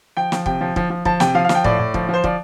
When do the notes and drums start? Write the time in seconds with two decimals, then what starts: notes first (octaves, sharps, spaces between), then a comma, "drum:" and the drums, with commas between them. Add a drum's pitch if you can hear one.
0.17 F3 G5
0.32 F3, drum: snare
0.46 C3 G5, drum: kick
0.61 F3
0.76 F3, drum: kick
0.90 F3
1.05 F3 A5, drum: kick
1.20 C3 G5, drum: snare
1.34 F3 F5
1.45 F5
1.49 F3, drum: snare
1.55 G5
1.64 A2 D5, drum: kick
1.79 A2
1.94 F3, drum: kick
2.09 F3 C5
2.24 F3 D5, drum: kick